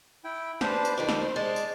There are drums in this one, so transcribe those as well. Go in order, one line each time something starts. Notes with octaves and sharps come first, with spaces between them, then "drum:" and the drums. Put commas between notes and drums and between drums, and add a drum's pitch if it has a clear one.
E4 G5
D4 G4 B4 C5 A5, drum: snare
drum: tambourine
F2 D#3 G3 C5 D6
drum: snare
G#3 D5 A5
drum: tambourine